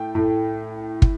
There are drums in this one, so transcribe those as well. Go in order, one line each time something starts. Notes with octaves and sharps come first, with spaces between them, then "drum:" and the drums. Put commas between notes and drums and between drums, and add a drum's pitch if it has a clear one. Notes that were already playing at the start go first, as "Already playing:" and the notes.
Already playing: A2 A3 G5
A2 A3
drum: kick